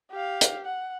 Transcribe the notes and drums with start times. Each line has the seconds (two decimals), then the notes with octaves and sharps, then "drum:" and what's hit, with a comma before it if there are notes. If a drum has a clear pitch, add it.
0.11 G4 F5
0.41 drum: hi-hat
0.65 F#5